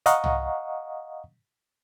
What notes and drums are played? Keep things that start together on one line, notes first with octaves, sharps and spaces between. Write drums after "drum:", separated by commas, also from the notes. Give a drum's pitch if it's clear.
D#5 F5 F#5 A#5 C#6 D#6, drum: hi-hat
drum: tom C2